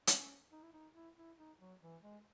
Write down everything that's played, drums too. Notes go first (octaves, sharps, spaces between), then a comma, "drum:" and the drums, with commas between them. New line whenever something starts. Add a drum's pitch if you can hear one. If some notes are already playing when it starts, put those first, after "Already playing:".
C#4, drum: hi-hat
D#4
E4
D#4
E4
E4
D#4
F#3
E3
G#3